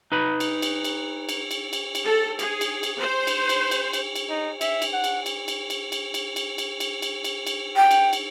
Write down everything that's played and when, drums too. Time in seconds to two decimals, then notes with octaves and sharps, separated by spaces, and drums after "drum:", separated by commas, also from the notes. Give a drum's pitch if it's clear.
0.12 D#4 B4 B5
0.40 drum: cymbal
0.62 drum: cymbal
0.84 drum: cymbal
1.29 drum: cymbal
1.51 drum: cymbal
1.73 drum: cymbal
1.95 drum: cymbal
2.04 A4
2.39 G#4, drum: cymbal
2.61 drum: cymbal
2.83 drum: cymbal
2.98 C5
3.27 drum: cymbal
3.49 drum: cymbal
3.71 drum: cymbal
3.93 drum: cymbal
4.16 drum: cymbal
4.29 D#4
4.61 E5, drum: cymbal
4.82 drum: cymbal
4.93 F#5
5.04 drum: cymbal
5.26 drum: cymbal
5.48 drum: cymbal
5.70 drum: cymbal
5.92 drum: cymbal
6.14 drum: cymbal
6.36 drum: cymbal
6.58 drum: cymbal
6.80 drum: cymbal
7.02 drum: cymbal
7.24 drum: cymbal
7.47 drum: cymbal
7.76 G5
7.91 drum: cymbal
8.13 drum: cymbal